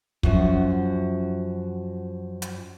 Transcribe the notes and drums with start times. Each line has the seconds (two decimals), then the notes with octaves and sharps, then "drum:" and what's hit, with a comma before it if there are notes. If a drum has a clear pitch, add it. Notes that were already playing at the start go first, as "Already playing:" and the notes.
0.23 F#2 F3 F#4, drum: kick
2.42 drum: hi-hat